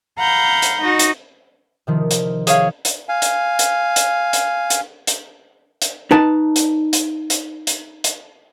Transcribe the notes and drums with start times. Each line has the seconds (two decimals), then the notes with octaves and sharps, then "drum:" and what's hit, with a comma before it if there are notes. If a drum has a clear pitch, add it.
0.19 F5 F#5 A#5 B5 G6
0.62 drum: hi-hat
0.81 D#4 F#4
0.99 drum: hi-hat
1.87 C3 D#3 F3
2.11 drum: hi-hat
2.47 G#4 C#5 F5, drum: hi-hat
2.85 drum: hi-hat
3.09 F5 G#5
3.22 drum: hi-hat
3.59 drum: hi-hat
3.96 drum: hi-hat
4.33 drum: hi-hat
4.70 drum: hi-hat
5.07 drum: hi-hat
5.82 drum: hi-hat
6.11 D#4 B4 A5
6.56 drum: hi-hat
6.93 drum: hi-hat
7.30 drum: hi-hat
7.67 drum: hi-hat
8.04 drum: hi-hat